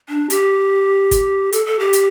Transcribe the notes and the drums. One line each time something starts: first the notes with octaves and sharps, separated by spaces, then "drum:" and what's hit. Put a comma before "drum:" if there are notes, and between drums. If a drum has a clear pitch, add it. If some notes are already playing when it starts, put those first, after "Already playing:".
D4
G4, drum: hi-hat
drum: kick, hi-hat
A4, drum: hi-hat
A4
G4
drum: hi-hat